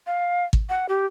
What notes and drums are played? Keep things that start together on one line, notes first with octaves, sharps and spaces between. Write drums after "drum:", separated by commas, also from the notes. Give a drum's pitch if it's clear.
F5
drum: kick
F#5
G4